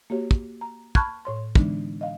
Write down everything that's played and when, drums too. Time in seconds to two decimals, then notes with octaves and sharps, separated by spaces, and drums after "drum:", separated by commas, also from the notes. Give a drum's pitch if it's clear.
0.10 A#3 F#4 G4 C#5
0.31 drum: kick
0.61 A#5
0.95 A5 B5 C#6 F6 F#6 G#6, drum: kick
1.25 A2 C#5 C6
1.55 D3 E3 G#3 B3 D4 D#4, drum: kick
2.01 D#5 F5